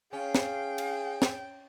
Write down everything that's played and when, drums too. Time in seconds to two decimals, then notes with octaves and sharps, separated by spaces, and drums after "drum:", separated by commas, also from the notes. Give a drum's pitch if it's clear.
0.13 C#4 G#4 F5 G5
0.35 drum: snare
0.78 drum: cymbal
1.22 drum: snare